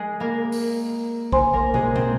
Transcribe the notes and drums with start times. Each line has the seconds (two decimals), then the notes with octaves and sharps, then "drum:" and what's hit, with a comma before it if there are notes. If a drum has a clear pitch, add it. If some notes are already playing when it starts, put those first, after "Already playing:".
Already playing: G#3 G#4
0.20 A#3 A#4
0.52 drum: open hi-hat
1.32 C5 G#5 C6, drum: kick A#1
1.53 A#3 A#4
1.74 G#3 G#4, drum: tom
1.95 C4, drum: tom